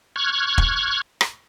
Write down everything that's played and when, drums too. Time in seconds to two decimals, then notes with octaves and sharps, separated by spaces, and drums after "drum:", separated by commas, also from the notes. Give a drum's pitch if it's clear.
0.16 C#6 F6 F#6 G#6
0.58 drum: kick
1.21 drum: rim click